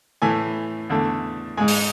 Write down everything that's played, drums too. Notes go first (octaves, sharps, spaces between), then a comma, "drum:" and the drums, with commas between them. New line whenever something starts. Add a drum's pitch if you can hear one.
A2 E3 A3 G#5
E2 D3 A3
G#2 G#3 G#5
drum: open hi-hat